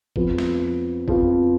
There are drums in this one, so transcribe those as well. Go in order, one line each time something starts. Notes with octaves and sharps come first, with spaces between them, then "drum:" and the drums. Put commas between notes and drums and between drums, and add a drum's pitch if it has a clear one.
F2 F3 B3 F4, drum: kick G1
drum: snare
F2 F3 B3 F4, drum: kick G1